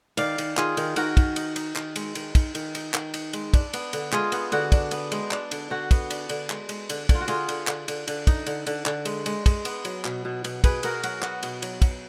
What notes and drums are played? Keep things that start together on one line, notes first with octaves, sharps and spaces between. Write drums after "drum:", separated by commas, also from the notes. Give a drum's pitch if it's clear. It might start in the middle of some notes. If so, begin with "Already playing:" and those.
D#3 D5 F5, drum: cymbal
D#3, drum: cymbal
D#3 F4 G#4, drum: clap
D#3, drum: cymbal
D#3 F#4 A#4, drum: cymbal
D#3, drum: kick, cymbal
D#4, drum: cymbal
D#4, drum: cymbal
D#3, drum: clap
G#3, drum: cymbal
D#3, drum: cymbal
D#3, drum: kick, cymbal
D#3, drum: cymbal
D#4, drum: cymbal
D#3, drum: clap
D#4, drum: cymbal
G#3, drum: cymbal
D4, drum: kick, cymbal
B3, drum: cymbal
D3, drum: cymbal
G#3 F4 G#4, drum: clap
B3, drum: cymbal
D3 F#4, drum: cymbal
D4, drum: kick, cymbal
B3, drum: cymbal
G#3, drum: cymbal
D4, drum: clap
D3, drum: cymbal
D3 F#4
B3, drum: kick, cymbal
D4, drum: cymbal
D3, drum: cymbal
G#3, drum: clap
G#3, drum: cymbal
D3, drum: cymbal
D3, drum: kick, cymbal
F4
F#4
D3 F4 G#4, drum: cymbal
D3, drum: cymbal
D3, drum: clap
D3, drum: cymbal
D3, drum: cymbal
D#4, drum: kick, cymbal
D3, drum: cymbal
D3, drum: cymbal
D3, drum: clap
G#3, drum: cymbal
G#3, drum: cymbal
G#3, drum: kick, cymbal
B3, drum: cymbal
F#3, drum: cymbal
B2, drum: clap
B2
B2, drum: cymbal
B2 G#4 B4, drum: kick, cymbal
B2 F#4 A#4, drum: cymbal
F#3 F#4, drum: cymbal
B3 F#4, drum: clap
B2, drum: cymbal
F#3, drum: cymbal
F#3, drum: kick, cymbal